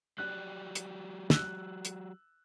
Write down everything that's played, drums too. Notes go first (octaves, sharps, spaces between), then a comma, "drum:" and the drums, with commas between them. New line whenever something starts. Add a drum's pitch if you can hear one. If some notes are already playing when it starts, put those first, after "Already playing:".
F#3 G4 D5 F#6
drum: hi-hat
E6 F#6, drum: snare
drum: hi-hat